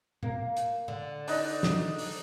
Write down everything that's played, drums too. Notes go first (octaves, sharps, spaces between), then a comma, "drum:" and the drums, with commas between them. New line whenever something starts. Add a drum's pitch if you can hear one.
A#3, drum: tom A#2
drum: hi-hat
D3
D4 D#4, drum: open hi-hat
drum: snare
drum: open hi-hat